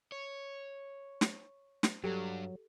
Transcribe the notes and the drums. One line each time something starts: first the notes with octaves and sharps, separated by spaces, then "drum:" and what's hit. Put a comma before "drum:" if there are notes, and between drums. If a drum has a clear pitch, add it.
C#5
drum: snare
drum: snare
G2 F#3 G3 G4 A4